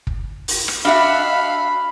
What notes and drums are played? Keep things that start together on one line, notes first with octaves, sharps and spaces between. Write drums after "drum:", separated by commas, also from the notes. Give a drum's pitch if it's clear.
drum: kick
drum: open hi-hat
drum: rim click
D4 F#4 E5 F5 B5